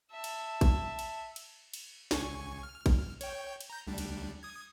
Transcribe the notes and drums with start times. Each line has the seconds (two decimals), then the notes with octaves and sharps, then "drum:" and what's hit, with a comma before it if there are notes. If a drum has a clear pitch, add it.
0.12 E5 A5
0.24 drum: cymbal
0.61 drum: kick A1, cymbal
0.99 drum: cymbal
1.36 drum: cymbal
1.74 drum: cymbal
2.11 C#2 G#5 C#6, drum: snare
2.63 F6
2.86 drum: kick A1, cymbal
3.21 C#5 G5, drum: cymbal
3.61 drum: cymbal
3.70 A#5 G6
3.87 D2 G3 D4
3.98 drum: cymbal
4.43 D#6 G#6